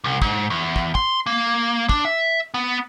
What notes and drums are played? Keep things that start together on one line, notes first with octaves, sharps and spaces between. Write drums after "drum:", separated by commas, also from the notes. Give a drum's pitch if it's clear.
C2
G#2, drum: kick
E2
drum: kick
C6, drum: kick
A#3
D4, drum: kick
E5
B3